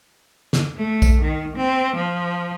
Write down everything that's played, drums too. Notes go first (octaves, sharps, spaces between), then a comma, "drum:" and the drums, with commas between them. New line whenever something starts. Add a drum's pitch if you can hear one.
drum: snare
A3
drum: kick A#1, tambourine
D#3
C4
F3